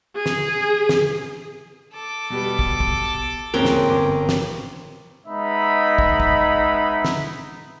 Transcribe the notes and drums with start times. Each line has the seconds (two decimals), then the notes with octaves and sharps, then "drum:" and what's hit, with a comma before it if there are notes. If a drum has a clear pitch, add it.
0.16 G#4
0.26 drum: snare
0.89 drum: snare
1.93 A4 D6
2.30 B2 G3 B3
2.59 drum: kick
2.80 drum: kick
3.54 D#1 G#2 C4 C#4 A#4 F#6
3.65 drum: snare
3.86 G1 D6
4.29 drum: snare
5.26 G#3 B3 D#4 E5 B5
5.98 drum: kick
6.20 drum: kick
7.05 drum: snare